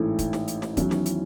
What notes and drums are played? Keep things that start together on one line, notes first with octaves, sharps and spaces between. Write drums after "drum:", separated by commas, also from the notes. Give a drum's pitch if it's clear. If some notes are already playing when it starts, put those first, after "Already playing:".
Already playing: A1 G#2 E3 A3
drum: kick, hi-hat
drum: snare
drum: hi-hat
drum: snare
E2 D#3 F#3 C#4 E4, drum: kick, hi-hat
drum: snare
drum: hi-hat